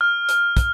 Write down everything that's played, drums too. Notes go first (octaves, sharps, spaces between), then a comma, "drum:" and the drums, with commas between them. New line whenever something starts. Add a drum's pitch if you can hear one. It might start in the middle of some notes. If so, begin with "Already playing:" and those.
F6
drum: hi-hat
drum: kick, hi-hat